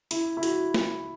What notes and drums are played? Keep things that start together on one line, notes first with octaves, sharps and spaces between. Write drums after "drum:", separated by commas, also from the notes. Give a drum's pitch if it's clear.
E4, drum: hi-hat
E4
F#4, drum: hi-hat
drum: snare